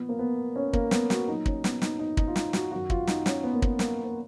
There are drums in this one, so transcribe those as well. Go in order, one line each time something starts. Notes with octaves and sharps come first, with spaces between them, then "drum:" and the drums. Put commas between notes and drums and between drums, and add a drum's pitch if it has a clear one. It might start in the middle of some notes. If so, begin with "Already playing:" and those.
Already playing: A#2 F3 B3
A#3
B3
C#4
A#3, drum: kick
B3, drum: snare
F#4, drum: snare
A#2 F#3 D#4
C#4, drum: kick
B3, drum: snare
D#4, drum: snare
D#4
D#4, drum: kick
F4
D#4, drum: snare
F#4, drum: snare
F#2 D#3 F#3 F#4
F4, drum: kick
D#4, drum: snare
C#4, drum: snare
B3
A#3
B3, drum: kick
A#3, drum: snare
A#3